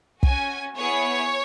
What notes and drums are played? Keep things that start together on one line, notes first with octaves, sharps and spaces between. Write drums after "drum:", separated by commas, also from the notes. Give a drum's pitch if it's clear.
C#4 F#4 G#5, drum: kick
B3 E4 G#4 C#5